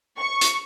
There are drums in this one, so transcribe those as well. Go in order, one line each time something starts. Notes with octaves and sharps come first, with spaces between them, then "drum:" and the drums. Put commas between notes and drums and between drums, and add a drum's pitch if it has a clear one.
C#6
drum: hi-hat